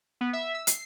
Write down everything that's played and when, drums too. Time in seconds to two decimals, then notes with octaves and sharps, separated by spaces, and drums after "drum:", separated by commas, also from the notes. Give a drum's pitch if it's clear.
0.21 B3
0.33 E5
0.54 E6
0.67 C7, drum: hi-hat